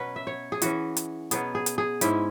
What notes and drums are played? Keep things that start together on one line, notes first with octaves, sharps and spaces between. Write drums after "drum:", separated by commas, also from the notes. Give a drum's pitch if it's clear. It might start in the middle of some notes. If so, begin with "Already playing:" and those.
Already playing: B2 F#3 C#4 B4
E5
C#5
G#4
E3 C#4 F#4, drum: hi-hat
drum: hi-hat
B2 F#3 B3 G#4, drum: hi-hat
G#4
drum: hi-hat
G#4
G#2 G#3 C#4 E4, drum: hi-hat